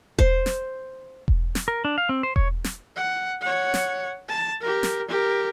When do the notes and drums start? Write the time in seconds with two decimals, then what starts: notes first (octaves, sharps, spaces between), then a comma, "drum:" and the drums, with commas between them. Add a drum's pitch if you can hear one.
0.19 C5, drum: kick E1
0.46 drum: snare
1.28 drum: kick E1
1.55 drum: snare
1.68 A#4
1.85 D4
1.98 F5
2.09 C4
2.23 C5
2.36 C#5, drum: kick E1
2.64 drum: snare
2.96 F#5
3.41 C#5 F#5
3.74 drum: snare
4.28 A5
4.61 G4 A#4
4.83 drum: snare
5.08 G4 A#4